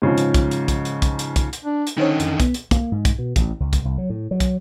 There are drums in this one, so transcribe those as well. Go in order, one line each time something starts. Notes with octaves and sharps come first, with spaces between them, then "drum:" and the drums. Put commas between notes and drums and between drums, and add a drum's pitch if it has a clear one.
G#2 C#3 F3
drum: hi-hat
drum: kick, hi-hat
drum: hi-hat
drum: kick, hi-hat
drum: hi-hat
drum: kick, hi-hat
drum: hi-hat
drum: kick, hi-hat
drum: hi-hat
D4
drum: hi-hat
D3 D#3 C#4 D#4 C5 C#5
F2, drum: hi-hat
B3, drum: kick, hi-hat
drum: hi-hat
A#3, drum: kick, hi-hat
G#2
drum: kick, hi-hat
B2
A1, drum: kick, hi-hat
C#2
drum: kick, hi-hat
C2
F#3
A2
F#3
drum: kick, hi-hat